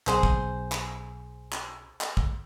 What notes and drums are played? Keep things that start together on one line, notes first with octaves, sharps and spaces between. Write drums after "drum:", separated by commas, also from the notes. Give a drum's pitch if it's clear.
B1 G#4 C5, drum: clap
drum: kick
drum: clap
drum: clap
drum: clap
drum: kick